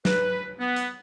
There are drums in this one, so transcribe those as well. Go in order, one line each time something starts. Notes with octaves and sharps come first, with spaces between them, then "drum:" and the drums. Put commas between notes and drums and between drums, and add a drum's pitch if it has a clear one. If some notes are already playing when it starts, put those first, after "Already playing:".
B4, drum: snare
B3
drum: hi-hat